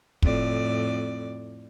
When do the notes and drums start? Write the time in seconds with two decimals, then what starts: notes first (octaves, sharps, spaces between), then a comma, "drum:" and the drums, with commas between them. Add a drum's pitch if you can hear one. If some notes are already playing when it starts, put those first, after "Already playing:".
0.22 F2 A2 D5, drum: kick